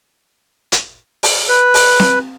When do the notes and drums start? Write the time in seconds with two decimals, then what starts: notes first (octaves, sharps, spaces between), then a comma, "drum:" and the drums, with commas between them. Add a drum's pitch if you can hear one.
0.72 drum: hi-hat
1.23 drum: open hi-hat
1.48 B4
1.74 drum: open hi-hat
1.99 drum: snare C4